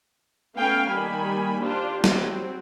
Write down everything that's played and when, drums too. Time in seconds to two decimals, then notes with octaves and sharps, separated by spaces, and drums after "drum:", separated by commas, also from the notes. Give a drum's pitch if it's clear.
0.55 A3 B3 C#4 F5 G5 G#5
0.89 D#3 G3 A#3 G#5 B5
1.63 D4 F4 G4 C5
2.04 F#3 G3 C4, drum: snare